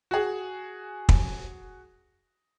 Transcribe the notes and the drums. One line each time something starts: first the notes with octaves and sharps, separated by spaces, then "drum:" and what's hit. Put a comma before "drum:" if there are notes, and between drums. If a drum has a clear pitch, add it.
F#4 G#4
drum: kick